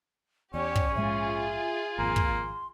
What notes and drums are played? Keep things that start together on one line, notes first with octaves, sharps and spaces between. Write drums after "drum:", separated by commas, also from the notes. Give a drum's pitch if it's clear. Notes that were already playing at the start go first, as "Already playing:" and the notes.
E2 C#4 G4 C#5 D5
drum: kick
A#1 G#2 G#3 F4 G#4 E5
G#1 F2 A#3 C6
drum: kick